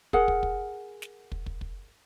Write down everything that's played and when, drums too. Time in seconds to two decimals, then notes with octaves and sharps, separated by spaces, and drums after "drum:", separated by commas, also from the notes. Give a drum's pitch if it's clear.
0.13 G#4 A#4 F#5, drum: kick
0.28 drum: kick
0.43 drum: kick
1.02 drum: snare
1.32 drum: kick
1.46 drum: kick
1.61 drum: kick